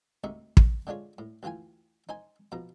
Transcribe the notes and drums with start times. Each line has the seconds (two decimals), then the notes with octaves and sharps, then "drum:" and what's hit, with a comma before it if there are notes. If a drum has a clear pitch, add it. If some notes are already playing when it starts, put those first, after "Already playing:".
0.24 D2 C3 D#4 E5 C#6
0.57 drum: kick
0.87 D3 G#3 D4 F4 C#5
1.18 A2
1.43 D2 E3 F4 G5 G#5
2.09 D#4 C5 G#5
2.52 B2 F3 A#5